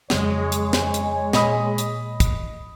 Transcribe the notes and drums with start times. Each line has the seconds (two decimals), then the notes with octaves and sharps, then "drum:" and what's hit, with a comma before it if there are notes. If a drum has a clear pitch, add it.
0.10 F2 C#3 F#3 G#3 C#5, drum: snare
0.52 drum: hi-hat
0.73 drum: snare
0.94 drum: hi-hat
1.33 A#2 D#5 B5 D#6, drum: snare
1.78 drum: hi-hat
2.20 drum: kick, hi-hat